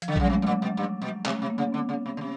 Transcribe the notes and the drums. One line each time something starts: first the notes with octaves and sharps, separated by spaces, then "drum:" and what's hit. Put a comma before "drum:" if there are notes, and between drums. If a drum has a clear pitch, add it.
F3, drum: hi-hat
D3 F#3
G3, drum: kick A#1
C#3 G#3
C3 A3
A2
A#2
B2
G2
B2
C3 A3, drum: clap
C3
A#3
C#3
D3 B3
C#3
C3
C#3
C3